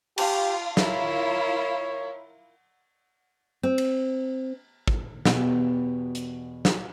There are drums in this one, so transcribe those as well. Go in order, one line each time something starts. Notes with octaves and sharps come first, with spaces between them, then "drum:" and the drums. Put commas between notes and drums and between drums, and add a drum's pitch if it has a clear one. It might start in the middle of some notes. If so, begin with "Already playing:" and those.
F4 G4, drum: cymbal
E4 F4 A#4 C#5, drum: snare
C4
drum: cymbal
drum: kick
E2 B2 B3 F#4 G4 G5, drum: snare
drum: hi-hat
drum: snare